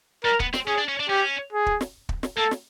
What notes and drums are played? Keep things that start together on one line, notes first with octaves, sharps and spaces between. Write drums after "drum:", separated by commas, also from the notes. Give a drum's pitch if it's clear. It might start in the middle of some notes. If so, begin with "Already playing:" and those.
G3 A#4
B3, drum: kick
C4, drum: snare
C#4 G#4
D4
C#4
D4
C#4 G4
G#4
drum: kick
drum: snare
drum: kick
drum: snare
A#3 A4
drum: snare